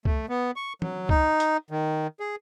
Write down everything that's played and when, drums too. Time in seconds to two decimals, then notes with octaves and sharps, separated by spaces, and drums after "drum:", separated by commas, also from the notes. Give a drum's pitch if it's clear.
0.05 A3, drum: kick C2
0.29 B3
0.56 C#6
0.82 F#3, drum: tom
1.09 D#4, drum: kick C2
1.40 drum: hi-hat
1.71 D#3
2.20 G#4